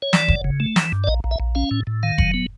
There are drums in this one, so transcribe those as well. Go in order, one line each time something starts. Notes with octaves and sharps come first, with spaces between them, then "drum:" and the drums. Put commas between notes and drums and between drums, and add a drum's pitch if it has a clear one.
C#5
E3 D5, drum: snare
F#1, drum: kick F1
C#3
A3
E3, drum: snare
G2
D5
A#1 D#5
A#1
E5
A#1
C#4 F5
A2
A2
D#3 F5
F#3, drum: kick F1
B3